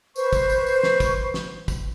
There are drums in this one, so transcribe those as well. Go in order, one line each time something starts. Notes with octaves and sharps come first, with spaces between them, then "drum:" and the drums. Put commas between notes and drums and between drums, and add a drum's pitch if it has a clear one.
B4 C5 C#6, drum: tambourine
drum: kick, tambourine
drum: tambourine
drum: tambourine
drum: snare
drum: kick, tambourine
drum: snare
drum: kick, tambourine